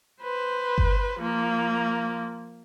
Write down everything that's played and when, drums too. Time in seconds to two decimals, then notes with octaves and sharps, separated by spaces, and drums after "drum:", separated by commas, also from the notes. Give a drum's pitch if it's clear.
0.22 B4 C5
0.78 drum: kick G1
1.19 F3 A#3